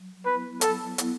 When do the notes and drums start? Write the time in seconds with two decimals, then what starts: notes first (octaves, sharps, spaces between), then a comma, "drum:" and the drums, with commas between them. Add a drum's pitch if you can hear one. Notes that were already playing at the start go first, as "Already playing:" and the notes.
Already playing: F#3
0.25 B3 E4 B4
0.61 F#3 A4, drum: hi-hat
0.98 B3 E4, drum: hi-hat